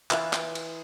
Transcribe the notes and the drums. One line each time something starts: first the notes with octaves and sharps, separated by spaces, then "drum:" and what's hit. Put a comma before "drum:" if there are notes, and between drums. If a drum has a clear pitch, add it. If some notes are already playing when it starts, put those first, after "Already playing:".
E3 E4 F4 B4, drum: clap
drum: clap
drum: cymbal